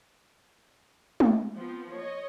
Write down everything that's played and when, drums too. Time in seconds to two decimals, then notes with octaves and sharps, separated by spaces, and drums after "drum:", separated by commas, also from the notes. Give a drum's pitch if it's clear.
1.20 drum: tom G#3
1.54 F3 B3 C4
1.95 C#5 D#5